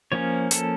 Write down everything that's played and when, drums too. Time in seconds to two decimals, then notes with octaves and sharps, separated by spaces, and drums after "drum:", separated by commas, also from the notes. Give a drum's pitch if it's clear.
0.12 F3 A#3 C#4 C#5
0.51 A4, drum: hi-hat